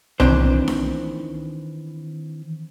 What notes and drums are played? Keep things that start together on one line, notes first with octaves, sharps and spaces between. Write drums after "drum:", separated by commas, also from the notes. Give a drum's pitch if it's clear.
D#3 E3 G#3 C4 D4 C5, drum: tom C2
drum: snare D#4